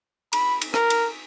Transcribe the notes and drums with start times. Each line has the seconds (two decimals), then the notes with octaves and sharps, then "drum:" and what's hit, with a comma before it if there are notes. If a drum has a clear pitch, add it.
0.33 B5, drum: cymbal
0.61 drum: cymbal
0.74 A#4, drum: rim click
0.90 drum: cymbal